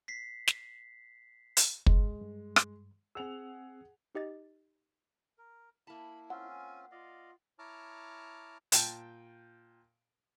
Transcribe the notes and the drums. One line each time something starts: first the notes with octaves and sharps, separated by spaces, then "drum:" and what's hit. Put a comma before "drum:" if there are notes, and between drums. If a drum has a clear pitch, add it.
B6 C7
drum: snare
drum: hi-hat
G#3, drum: kick
G2
drum: rim click
C4 G#4 F#5 E6 F7
D#4 G4 D#5 A6
A#4
A#3 E4 A5 B5
C4 C#4 F4 F#5
G#5
F4 D5 D#5 F5
E4 C#5 A5 A#5 D6 F6
A#2 G5 A5, drum: hi-hat